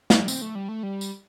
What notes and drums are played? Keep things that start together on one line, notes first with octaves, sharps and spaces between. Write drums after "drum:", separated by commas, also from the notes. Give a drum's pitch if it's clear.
G3, drum: snare
C4, drum: tambourine
A3
G3
A3
G3
drum: tambourine